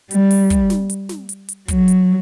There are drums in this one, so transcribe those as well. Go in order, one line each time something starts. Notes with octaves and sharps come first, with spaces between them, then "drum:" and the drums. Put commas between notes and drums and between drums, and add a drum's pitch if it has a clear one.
G3, drum: hi-hat
drum: open hi-hat
drum: kick, hi-hat
drum: snare
drum: hi-hat
drum: snare
drum: hi-hat
drum: hi-hat
F#3, drum: kick, hi-hat
drum: hi-hat